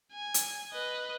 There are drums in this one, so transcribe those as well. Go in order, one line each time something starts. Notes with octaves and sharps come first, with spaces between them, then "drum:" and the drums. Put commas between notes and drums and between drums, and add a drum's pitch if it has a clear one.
G#5
drum: hi-hat
B4 D#5